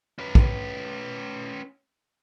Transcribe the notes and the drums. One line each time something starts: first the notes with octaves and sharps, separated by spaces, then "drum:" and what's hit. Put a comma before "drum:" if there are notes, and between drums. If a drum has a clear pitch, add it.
C#4 B4
drum: kick A#1